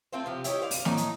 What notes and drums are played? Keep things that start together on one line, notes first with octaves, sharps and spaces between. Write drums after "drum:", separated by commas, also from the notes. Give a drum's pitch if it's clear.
A3 C4 F4 C5
C3 F3 G4
E4 G4 C#5 D#5, drum: hi-hat
C5 D5 F5
drum: open hi-hat
A2 D#4, drum: snare
drum: hi-hat